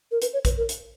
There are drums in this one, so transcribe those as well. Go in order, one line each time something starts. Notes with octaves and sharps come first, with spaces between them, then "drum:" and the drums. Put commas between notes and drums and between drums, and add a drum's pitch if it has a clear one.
A#4
B4, drum: hi-hat
C#5
B4, drum: kick A#1, hi-hat
A#4
drum: hi-hat